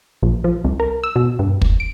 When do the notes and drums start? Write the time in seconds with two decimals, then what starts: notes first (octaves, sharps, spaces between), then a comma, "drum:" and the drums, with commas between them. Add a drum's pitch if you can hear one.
0.22 A#1
0.44 F3
0.64 C2
0.80 A#4
1.04 E6
1.16 B2
1.39 G2
1.62 drum: kick
1.80 D7